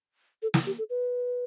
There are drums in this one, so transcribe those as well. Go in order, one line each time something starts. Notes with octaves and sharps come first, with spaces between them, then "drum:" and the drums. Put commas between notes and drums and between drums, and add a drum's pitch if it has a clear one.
A4
E4, drum: snare
G4
A4
B4